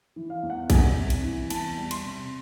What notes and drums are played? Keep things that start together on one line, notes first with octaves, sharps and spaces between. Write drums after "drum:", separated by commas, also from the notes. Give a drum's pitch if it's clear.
E3
F5
E2
F#5
G3 G#5, drum: kick A#1, cymbal
C3
drum: cymbal
E3
E2 A5, drum: cymbal
G3
C6, drum: cymbal
C3